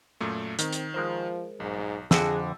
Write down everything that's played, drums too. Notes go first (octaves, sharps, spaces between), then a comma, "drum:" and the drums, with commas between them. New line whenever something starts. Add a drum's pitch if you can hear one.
F#2 A#2 A3
D#3 C4, drum: hi-hat
drum: hi-hat
F3 G#3 A#4 C5
B1 G#2
F2 D3 F3 F#4 G#4 E6, drum: snare